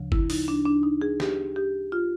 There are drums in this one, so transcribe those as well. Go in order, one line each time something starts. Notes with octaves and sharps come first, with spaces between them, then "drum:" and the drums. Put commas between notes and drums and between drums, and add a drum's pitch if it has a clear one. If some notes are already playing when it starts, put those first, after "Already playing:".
Already playing: D2 C#3 F3
E4, drum: kick
D#4, drum: open hi-hat
D4
D4
D#4
G#4
G4, drum: snare
G4
F4